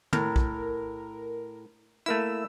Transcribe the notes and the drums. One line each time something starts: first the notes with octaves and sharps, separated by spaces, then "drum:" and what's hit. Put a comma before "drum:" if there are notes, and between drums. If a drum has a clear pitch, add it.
A2 A#4, drum: tom
drum: kick
A3 A#3 E4 E6